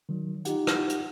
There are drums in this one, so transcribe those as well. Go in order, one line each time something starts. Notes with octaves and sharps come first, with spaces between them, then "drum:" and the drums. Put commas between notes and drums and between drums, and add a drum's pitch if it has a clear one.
D#3 F#3
D#4 F4 G4 F#5, drum: hi-hat
drum: rim click
drum: hi-hat